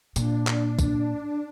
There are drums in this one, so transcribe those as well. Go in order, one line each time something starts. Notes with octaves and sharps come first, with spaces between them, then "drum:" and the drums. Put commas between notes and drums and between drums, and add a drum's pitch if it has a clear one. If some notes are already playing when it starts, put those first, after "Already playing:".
A#2 D4, drum: tambourine
drum: clap
drum: kick, tambourine